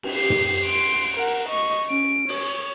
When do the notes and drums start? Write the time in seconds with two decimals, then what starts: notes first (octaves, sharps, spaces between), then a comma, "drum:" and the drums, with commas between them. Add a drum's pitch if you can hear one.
0.03 drum: cymbal
0.16 G4 C7
0.30 drum: tom
0.66 C6 D7
1.17 A#4 F#5
1.49 D#5 C#6
1.89 C#4 D7
2.29 C#5, drum: open hi-hat